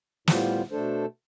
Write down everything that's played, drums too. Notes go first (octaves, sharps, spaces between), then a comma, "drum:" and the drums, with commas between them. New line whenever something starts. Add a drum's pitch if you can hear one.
A2 G3 B3 F4 C5, drum: snare
B2 A3 D4 A4 C5